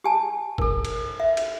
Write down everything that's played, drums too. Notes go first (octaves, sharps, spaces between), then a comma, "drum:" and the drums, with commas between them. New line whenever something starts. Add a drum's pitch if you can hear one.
G4 G#5 A5
A4 A#4, drum: kick G#1
drum: cymbal
E5
drum: cymbal